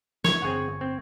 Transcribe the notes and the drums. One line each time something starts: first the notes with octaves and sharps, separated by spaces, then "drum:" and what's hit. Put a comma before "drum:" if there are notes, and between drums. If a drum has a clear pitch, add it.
C#5, drum: snare
G1 C4 G#4 F#5 C#6 G#6
C4